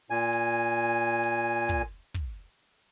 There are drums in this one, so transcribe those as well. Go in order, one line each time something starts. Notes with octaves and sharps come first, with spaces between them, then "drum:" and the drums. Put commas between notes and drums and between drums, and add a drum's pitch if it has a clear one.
A#2 G#5
drum: hi-hat
drum: hi-hat
drum: kick, hi-hat
drum: kick, hi-hat